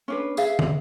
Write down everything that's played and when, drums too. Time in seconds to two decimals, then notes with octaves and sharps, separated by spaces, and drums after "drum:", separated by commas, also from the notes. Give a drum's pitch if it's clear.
0.08 C#4 D4 B4
0.37 G#4 B4 E5 F5, drum: tambourine
0.59 drum: tom